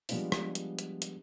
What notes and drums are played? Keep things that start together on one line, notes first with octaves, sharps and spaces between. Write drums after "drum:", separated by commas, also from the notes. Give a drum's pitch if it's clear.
F3 G3 G#3 B3 D4 F4, drum: open hi-hat
drum: rim click
drum: hi-hat
drum: hi-hat
drum: hi-hat